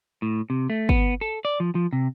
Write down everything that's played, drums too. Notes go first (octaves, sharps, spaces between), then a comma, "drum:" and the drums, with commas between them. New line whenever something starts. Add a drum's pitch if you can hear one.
A2
C3
A3
B3, drum: kick
A4
D5
F3
F3
C3